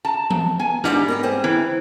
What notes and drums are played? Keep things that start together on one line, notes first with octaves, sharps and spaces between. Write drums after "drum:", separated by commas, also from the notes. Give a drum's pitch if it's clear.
A5 A#5
drum: tom E3
B3 G#5
G#2 G3 D4, drum: snare
B3 A#4 D#5 G5
C4 G#4 C5
E3 E4